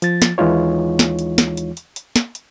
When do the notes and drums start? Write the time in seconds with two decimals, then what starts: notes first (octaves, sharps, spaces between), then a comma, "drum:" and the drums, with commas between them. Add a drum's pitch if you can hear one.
0.02 F3 A6, drum: hi-hat
0.22 drum: snare
0.38 D#2 E3 G#3 D#4 F4 C#5
0.99 drum: snare
1.19 drum: hi-hat
1.38 drum: snare
1.57 drum: hi-hat
1.77 drum: hi-hat
1.96 drum: hi-hat
2.16 drum: snare
2.35 drum: hi-hat